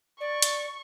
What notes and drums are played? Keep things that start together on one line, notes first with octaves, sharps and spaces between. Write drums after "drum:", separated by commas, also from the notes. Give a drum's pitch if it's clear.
D5 C#6
drum: hi-hat